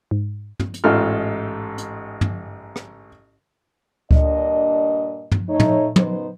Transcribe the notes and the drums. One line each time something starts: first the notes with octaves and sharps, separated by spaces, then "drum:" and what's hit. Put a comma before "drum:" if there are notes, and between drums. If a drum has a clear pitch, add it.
G#2
drum: tom
drum: hi-hat
A1 G#2 D#4 F4 A4 F6
drum: hi-hat
drum: tom
drum: rim click
G2 A#2 D4 D#5, drum: kick C#2
drum: tom
A3 D#4 C#5
drum: tom
F#2 B3 D#4 C5, drum: tom